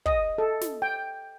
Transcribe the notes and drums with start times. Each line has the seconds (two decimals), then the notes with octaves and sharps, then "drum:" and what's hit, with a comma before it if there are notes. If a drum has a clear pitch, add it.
0.06 D#5, drum: kick
0.38 A4
0.61 drum: snare
0.82 G5